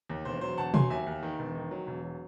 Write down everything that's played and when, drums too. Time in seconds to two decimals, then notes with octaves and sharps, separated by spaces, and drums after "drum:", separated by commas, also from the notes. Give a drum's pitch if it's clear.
0.10 D#2
0.25 E1 C5
0.41 F#3 C5
0.57 E1 F#5 A5
0.74 F#3 G#5 C6, drum: tom B2
0.90 D#2 E5 G#5
1.07 D#2
1.23 D#3
1.39 E1
1.55 D#3
1.71 F#3
1.87 E1
2.03 F#3